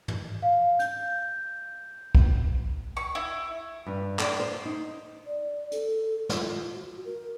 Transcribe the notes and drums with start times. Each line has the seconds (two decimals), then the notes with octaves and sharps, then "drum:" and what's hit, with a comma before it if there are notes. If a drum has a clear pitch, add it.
0.08 drum: tom
0.43 F5
0.79 G6, drum: hi-hat
2.15 drum: kick
2.97 C#6
3.15 E4
3.86 G2
4.19 D5, drum: clap
4.40 C5
4.65 D#4
5.26 D5
5.72 A4, drum: hi-hat
6.29 F4, drum: snare
6.74 F#4
7.05 A#4